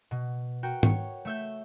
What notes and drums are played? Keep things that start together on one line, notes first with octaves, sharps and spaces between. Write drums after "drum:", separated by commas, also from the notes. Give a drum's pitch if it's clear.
B2
F#4 A#4 G5
C#5, drum: tom G#2
A3 E5 G6